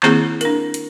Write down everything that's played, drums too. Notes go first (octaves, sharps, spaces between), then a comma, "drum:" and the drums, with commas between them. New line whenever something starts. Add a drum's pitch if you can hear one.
D#3 A#3 C4 E4 G#4, drum: clap
D4 A#4, drum: hi-hat
drum: hi-hat